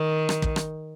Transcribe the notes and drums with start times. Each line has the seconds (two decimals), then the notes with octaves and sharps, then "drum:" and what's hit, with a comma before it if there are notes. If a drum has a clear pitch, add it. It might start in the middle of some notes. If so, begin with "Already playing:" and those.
Already playing: D#3
0.29 drum: rim click
0.42 drum: kick
0.56 drum: rim click